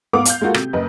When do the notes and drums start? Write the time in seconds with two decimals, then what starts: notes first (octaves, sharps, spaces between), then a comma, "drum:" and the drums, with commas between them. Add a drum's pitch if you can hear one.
0.13 G#2 B3 F5 F#5 D6
0.25 F5 G6, drum: hi-hat
0.41 G#3 A#3 F4 F#4 A4
0.54 C3, drum: rim click
0.73 F#1 B4 D#5